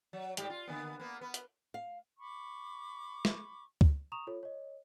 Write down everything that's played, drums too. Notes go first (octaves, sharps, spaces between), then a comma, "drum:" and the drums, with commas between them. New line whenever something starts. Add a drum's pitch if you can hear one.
F#3
G#2 G3 G4, drum: hi-hat
F4
D3 A#3 B3
A#3 B3
B3
drum: hi-hat
F5
B5 C#6 D6
drum: snare
drum: kick C#2
A#5 C#6 D#6 E7 F7
F4 A4 C#5
C#5 D#5